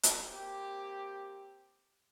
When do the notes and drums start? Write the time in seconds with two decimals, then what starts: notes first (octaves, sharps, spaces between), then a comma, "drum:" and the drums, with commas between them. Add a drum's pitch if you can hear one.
0.03 drum: hi-hat
0.21 A#3 C4 G4